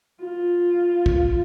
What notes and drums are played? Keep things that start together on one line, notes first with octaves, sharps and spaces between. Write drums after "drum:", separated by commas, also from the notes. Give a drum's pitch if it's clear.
F4
drum: kick